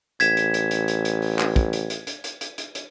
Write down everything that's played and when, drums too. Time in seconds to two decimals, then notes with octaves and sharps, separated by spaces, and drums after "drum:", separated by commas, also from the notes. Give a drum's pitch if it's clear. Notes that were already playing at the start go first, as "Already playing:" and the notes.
0.20 A1 G#6 B6 E7, drum: hi-hat
0.37 drum: hi-hat
0.54 drum: hi-hat
0.71 drum: hi-hat
0.88 drum: hi-hat
1.05 drum: hi-hat
1.22 drum: open hi-hat
1.39 drum: clap
1.56 drum: kick, hi-hat
1.73 drum: hi-hat
1.90 drum: hi-hat
2.07 drum: hi-hat
2.24 drum: hi-hat
2.41 drum: hi-hat
2.58 drum: hi-hat
2.75 drum: hi-hat